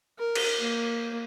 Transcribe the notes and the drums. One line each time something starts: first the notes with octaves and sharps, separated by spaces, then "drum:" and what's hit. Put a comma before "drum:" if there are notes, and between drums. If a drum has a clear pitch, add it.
A#4
drum: cymbal
A#3